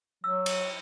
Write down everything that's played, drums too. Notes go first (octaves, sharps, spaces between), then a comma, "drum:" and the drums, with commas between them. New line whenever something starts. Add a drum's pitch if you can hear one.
F#3 E6
drum: cymbal